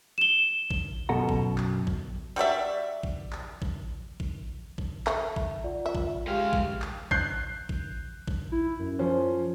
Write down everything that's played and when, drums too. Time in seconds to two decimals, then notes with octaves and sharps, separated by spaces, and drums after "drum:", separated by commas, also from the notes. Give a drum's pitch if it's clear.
0.18 E7 G7
0.71 drum: kick A1
1.09 F#2 B2 A4 F#5 A#5
1.29 drum: kick A1
1.58 drum: clap
1.87 drum: kick A1
2.36 G3 F#4 D5 E5
3.03 drum: kick A1
3.33 drum: clap
3.62 drum: kick A1
4.20 drum: kick A1
4.78 drum: kick A1
5.07 A3, drum: clap
5.36 drum: kick A1
5.64 F4 D5 F#5
5.86 E5
5.95 drum: kick A1
6.27 G#3 G4 F5 G5
6.53 drum: kick A1
6.82 drum: clap
7.11 F#6 G6 C7, drum: kick A1
7.69 drum: kick A1
8.28 drum: kick A1
8.52 E4
8.79 F#2
8.99 F3 C#4 C5